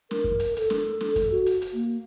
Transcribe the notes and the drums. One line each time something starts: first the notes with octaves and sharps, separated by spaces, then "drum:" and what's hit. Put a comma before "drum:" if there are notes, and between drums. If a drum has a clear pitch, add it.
A#4, drum: snare
drum: kick F#2
drum: hi-hat
A4, drum: hi-hat
drum: snare
drum: snare
drum: kick F#2, hi-hat
F#4
drum: hi-hat
drum: hi-hat
A#3